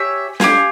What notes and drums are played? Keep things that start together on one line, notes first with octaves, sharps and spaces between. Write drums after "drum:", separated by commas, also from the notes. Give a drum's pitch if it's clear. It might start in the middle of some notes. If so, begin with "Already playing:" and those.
Already playing: G4 C#5 E5 G#5
G4 C#5 F5 G#5, drum: snare